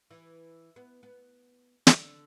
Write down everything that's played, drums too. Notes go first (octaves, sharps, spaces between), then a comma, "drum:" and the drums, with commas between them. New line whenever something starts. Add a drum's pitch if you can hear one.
E3
B3
B3
D3, drum: snare